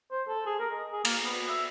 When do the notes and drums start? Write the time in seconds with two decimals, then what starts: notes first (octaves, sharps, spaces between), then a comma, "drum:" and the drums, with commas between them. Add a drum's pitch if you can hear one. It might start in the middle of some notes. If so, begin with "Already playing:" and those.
0.11 C5
0.28 A4
0.46 G#4
0.60 A#4
0.74 D#5
0.92 G#4
1.05 A#3, drum: cymbal
1.24 B3
1.49 E5